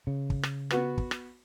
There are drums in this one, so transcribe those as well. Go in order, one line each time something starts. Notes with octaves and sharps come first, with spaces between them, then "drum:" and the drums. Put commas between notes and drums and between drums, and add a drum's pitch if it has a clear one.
C#3
drum: kick
drum: rim click
B3 F#4 B4, drum: rim click
drum: kick
drum: rim click